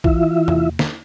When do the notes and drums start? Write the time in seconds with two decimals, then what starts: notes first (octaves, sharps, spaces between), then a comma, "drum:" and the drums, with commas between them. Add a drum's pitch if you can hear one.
0.04 E3 E4 F4 E5, drum: kick A#1
0.48 drum: tom E2
0.79 drum: snare